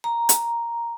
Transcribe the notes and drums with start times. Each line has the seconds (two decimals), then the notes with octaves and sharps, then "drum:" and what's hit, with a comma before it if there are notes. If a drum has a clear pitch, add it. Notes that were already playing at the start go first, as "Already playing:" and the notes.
0.04 A#5
0.29 drum: hi-hat